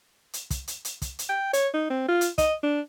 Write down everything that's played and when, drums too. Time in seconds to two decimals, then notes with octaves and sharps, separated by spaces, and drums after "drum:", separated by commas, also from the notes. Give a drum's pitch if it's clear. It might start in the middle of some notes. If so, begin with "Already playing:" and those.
0.33 drum: hi-hat
0.50 drum: kick, hi-hat
0.68 drum: hi-hat
0.85 drum: hi-hat
1.02 drum: kick, hi-hat
1.19 drum: hi-hat
1.29 G5
1.53 C#5, drum: hi-hat
1.74 D#4
1.90 C4
2.09 F4
2.21 drum: hi-hat
2.38 D#5, drum: kick, hi-hat
2.63 D4